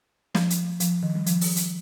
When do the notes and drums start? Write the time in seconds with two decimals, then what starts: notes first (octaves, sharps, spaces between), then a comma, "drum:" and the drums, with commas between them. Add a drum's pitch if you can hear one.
0.35 F3, drum: snare
0.50 drum: hi-hat
0.80 F3, drum: hi-hat
1.03 D#3
1.15 G3
1.26 F3, drum: hi-hat
1.41 drum: open hi-hat
1.56 drum: hi-hat